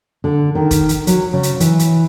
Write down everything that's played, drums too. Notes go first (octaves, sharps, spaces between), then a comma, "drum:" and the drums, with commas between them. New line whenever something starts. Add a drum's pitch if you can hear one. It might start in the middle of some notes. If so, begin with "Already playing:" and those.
D3
D#3
drum: kick, hi-hat
drum: hi-hat
F#3, drum: hi-hat
C#3
drum: hi-hat
E3, drum: hi-hat
drum: hi-hat